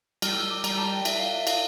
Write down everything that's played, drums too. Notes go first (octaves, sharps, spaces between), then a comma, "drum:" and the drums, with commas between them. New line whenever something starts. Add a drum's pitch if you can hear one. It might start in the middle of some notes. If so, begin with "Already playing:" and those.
G3 F6, drum: cymbal
E6
D6
G3 A#5, drum: cymbal
A5
D5
E5, drum: cymbal
F5
E5
F5, drum: cymbal